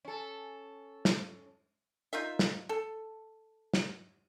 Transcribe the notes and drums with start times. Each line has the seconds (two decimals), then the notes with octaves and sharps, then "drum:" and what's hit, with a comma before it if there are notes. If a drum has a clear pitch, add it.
0.05 C#4 A4
1.05 drum: snare
2.13 D#4 F4 A#4 E5
2.39 drum: snare
2.69 A4
3.74 drum: snare